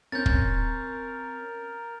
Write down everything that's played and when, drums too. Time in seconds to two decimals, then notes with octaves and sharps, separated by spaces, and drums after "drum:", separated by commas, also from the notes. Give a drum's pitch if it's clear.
0.12 C4 C#4 A#4 G6 A6
0.26 drum: kick